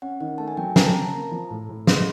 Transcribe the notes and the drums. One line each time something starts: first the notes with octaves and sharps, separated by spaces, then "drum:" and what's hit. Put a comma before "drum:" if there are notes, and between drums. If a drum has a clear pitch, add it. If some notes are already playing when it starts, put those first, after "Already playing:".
C#4 F#5
D#3 F#5
A3 A5
G#5
F#3 G5
C#4 A#5, drum: snare
A5
C#3 A#5
A5
A#3 A#5
F3
A2
A2
G#3 C6, drum: snare